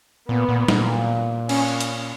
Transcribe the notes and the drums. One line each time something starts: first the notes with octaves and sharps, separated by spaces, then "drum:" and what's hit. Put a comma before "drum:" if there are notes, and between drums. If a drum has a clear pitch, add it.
A#2 B3
A#2
A#2, drum: snare
C#4, drum: cymbal
drum: hi-hat